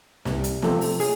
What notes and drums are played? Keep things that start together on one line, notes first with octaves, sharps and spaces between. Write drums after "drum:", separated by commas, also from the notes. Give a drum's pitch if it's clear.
C2, drum: snare
drum: hi-hat
C3 F3 A3 C4, drum: snare
drum: open hi-hat
G#4, drum: open hi-hat